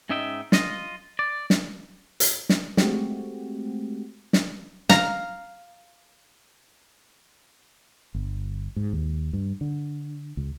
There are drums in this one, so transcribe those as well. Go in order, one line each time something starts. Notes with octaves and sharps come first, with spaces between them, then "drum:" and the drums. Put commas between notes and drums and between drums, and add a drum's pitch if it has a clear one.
G#2 C#4 D#4 D#5 E5 G5
F4 D#5, drum: snare
D5
drum: snare
drum: hi-hat
drum: snare
G#3 A3 C4 F#4 G4, drum: snare
drum: snare
F5 A#5, drum: snare
G1
G#2
D#2
G2
D3
C#2